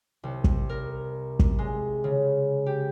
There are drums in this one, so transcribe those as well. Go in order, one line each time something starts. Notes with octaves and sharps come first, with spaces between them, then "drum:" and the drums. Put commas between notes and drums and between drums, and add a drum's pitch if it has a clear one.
C2
drum: kick
A#4
drum: kick
G#3
C#3
G4